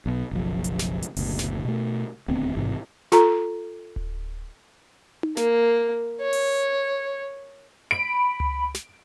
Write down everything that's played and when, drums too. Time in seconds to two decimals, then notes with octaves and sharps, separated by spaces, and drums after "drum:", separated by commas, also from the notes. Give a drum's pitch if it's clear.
0.06 B1 B2
0.31 F#1 B1 F3
0.64 drum: hi-hat
0.79 drum: snare
1.02 drum: hi-hat
1.16 F#1 D2 B2, drum: open hi-hat
1.39 drum: snare
1.65 B2 A3
2.28 D#1 D2 B3 C4
2.55 A1 G#2 C3
3.12 F4 A4 A#5, drum: snare
3.96 drum: kick D1
5.23 drum: tom D#4
5.37 A#3, drum: snare
6.21 C#5
6.33 drum: open hi-hat
7.91 B5 D7
8.40 drum: tom C#2
8.75 drum: snare